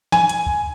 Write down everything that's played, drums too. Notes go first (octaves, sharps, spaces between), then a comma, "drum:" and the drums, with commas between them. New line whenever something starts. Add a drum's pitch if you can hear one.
G#5, drum: snare
drum: hi-hat
drum: kick